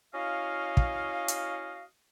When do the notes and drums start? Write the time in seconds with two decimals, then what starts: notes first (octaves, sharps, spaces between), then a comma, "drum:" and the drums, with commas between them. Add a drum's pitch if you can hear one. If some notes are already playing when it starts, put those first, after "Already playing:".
0.14 C#4 E4 F#4 D#5 F5
0.77 drum: kick
1.28 drum: hi-hat